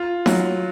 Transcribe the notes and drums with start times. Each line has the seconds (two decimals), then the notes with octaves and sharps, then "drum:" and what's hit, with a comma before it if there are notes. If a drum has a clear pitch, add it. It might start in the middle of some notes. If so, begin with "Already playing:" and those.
Already playing: F4
0.26 F#3, drum: snare D#4